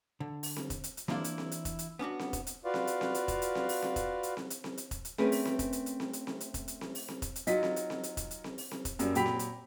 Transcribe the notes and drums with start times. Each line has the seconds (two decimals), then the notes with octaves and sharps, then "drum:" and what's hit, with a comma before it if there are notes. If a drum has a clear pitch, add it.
0.20 D3
0.43 drum: open hi-hat
0.56 drum: snare C4
0.70 drum: kick E1, hi-hat
0.84 drum: hi-hat
0.97 drum: hi-hat
1.08 E3 A#3 D4 E4 F4 D5, drum: snare C4
1.24 drum: hi-hat
1.38 drum: snare C4
1.52 drum: hi-hat
1.65 drum: kick E1, hi-hat
1.79 drum: hi-hat
1.99 B3 C#4 D4 F#4
2.19 drum: snare C4
2.33 drum: kick E1, hi-hat
2.47 drum: hi-hat
2.65 F4 F#4 B4 D5 F5
2.74 drum: snare C4
2.87 drum: hi-hat
3.01 drum: snare C4
3.15 drum: hi-hat
3.28 drum: kick E1, hi-hat
3.42 drum: hi-hat
3.55 drum: snare C4
3.69 drum: open hi-hat
3.82 drum: snare C4
3.96 drum: kick E1, hi-hat
4.23 drum: hi-hat
4.37 drum: snare C4
4.50 drum: hi-hat
4.64 drum: snare C4
4.77 drum: hi-hat
4.91 drum: kick E1, hi-hat
5.05 drum: hi-hat
5.18 A3 C4 C#4 G#4 A#4 B4, drum: snare C4
5.32 drum: open hi-hat
5.45 drum: snare C4
5.59 drum: kick E1, hi-hat
5.73 drum: hi-hat
5.86 drum: hi-hat
6.00 drum: snare C4
6.13 drum: hi-hat
6.27 drum: snare C4
6.40 drum: hi-hat
6.54 drum: kick E1, hi-hat
6.68 drum: hi-hat
6.81 drum: snare C4
6.95 drum: open hi-hat
7.08 drum: snare C4
7.22 drum: kick E1, hi-hat
7.36 drum: hi-hat
7.47 F#3 D#4 F4 D#5 B6, drum: hi-hat
7.63 drum: snare C4
7.76 drum: hi-hat
7.90 drum: snare C4
8.03 drum: hi-hat
8.17 drum: kick E1, hi-hat
8.31 drum: hi-hat
8.44 drum: snare C4
8.58 drum: open hi-hat
8.71 drum: snare C4
8.85 drum: kick E1, hi-hat
8.99 F#2 G3 A#3, drum: hi-hat
9.15 A#2 F#3 G4 B5 B6 F7, drum: hi-hat
9.26 drum: snare C4
9.39 drum: hi-hat